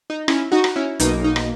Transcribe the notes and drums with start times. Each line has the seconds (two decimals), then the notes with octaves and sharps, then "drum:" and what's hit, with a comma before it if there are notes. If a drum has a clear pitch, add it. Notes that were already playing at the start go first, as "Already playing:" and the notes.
0.10 D#4
0.28 C#4 E4, drum: rim click
0.52 D#4 F#4
0.64 drum: rim click
0.76 C#4 E4
1.00 B1 B2 A#3 D#4, drum: hi-hat
1.24 D#4
1.36 drum: rim click